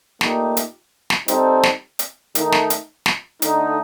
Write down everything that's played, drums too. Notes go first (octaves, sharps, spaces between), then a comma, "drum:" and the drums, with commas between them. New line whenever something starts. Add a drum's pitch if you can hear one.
A#2 A3 D#4 G4, drum: snare
drum: hi-hat
drum: snare
G3 C4 D#4 A4, drum: hi-hat
drum: snare
drum: hi-hat
D#3 A3 D#4, drum: hi-hat
drum: snare
drum: hi-hat
drum: snare
D3 A3 D#4, drum: hi-hat